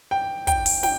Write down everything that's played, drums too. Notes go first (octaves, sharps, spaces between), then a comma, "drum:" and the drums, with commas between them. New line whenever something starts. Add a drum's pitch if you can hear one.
G5
G5, drum: kick, hi-hat
drum: open hi-hat
G5, drum: snare